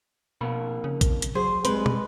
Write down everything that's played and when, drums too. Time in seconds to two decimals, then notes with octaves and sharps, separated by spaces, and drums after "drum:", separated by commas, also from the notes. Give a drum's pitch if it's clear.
0.41 F2 B2 A#3 B5
0.84 C#3
1.01 drum: kick, hi-hat
1.22 drum: hi-hat
1.35 F#3 G#4 C5
1.65 G3 G#3 C4 B4 C6, drum: hi-hat
1.86 drum: tom